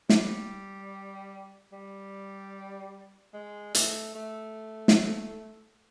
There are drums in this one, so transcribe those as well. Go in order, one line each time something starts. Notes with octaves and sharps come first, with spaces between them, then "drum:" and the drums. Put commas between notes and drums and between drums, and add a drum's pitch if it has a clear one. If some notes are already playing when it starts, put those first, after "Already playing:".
G3, drum: snare
G3
G#3
A3, drum: hi-hat
A3
drum: snare